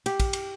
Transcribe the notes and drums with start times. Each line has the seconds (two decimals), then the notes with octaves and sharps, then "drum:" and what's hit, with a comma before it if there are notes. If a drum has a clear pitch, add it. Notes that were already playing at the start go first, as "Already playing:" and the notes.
0.06 G4, drum: cymbal
0.20 drum: kick, cymbal
0.33 drum: cymbal